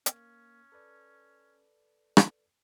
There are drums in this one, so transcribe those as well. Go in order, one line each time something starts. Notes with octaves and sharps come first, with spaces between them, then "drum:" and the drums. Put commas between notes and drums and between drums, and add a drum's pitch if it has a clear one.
A#3 C#4, drum: hi-hat
A4 B4 D5
drum: rim click